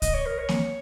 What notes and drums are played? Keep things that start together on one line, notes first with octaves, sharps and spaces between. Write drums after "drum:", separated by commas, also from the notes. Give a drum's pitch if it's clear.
D#5, drum: kick C2, hi-hat
C#5
A#4
C#5
drum: snare A#3